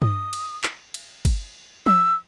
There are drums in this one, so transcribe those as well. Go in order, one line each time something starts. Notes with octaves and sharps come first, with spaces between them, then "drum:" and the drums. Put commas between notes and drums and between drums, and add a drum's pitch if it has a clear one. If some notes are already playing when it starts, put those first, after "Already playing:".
D#6, drum: tom G2
drum: cymbal
drum: clap
drum: cymbal
drum: kick, cymbal
E6, drum: tom F3